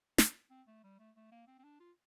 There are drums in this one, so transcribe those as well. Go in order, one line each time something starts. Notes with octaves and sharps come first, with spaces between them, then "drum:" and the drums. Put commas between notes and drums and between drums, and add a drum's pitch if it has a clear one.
D4, drum: snare
C4
A3
G3
A3
A3
A#3
C4
C4
D4
F4